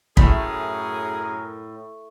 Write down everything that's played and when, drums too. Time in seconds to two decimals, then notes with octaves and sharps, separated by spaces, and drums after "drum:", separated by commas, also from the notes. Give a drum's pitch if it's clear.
0.17 F#2 A2 A3 C#4 E4 G#4 A#4 B5, drum: kick